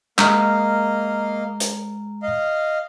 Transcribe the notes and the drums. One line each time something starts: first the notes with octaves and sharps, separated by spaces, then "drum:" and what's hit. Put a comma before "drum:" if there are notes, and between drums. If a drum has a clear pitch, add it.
G#3 A#3 D#5 F5 A#5 F6, drum: clap
drum: hi-hat
D#5 F5